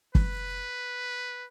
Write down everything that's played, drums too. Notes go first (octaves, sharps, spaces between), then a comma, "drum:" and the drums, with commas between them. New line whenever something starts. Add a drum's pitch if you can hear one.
B4, drum: kick F#1